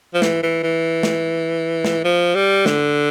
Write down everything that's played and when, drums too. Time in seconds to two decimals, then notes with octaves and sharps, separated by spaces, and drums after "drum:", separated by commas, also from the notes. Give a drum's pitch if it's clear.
0.14 F3
0.22 E3, drum: snare
0.43 E3
0.63 E3
1.03 drum: snare
1.85 drum: snare
2.04 F3
2.35 G3
2.66 D3, drum: snare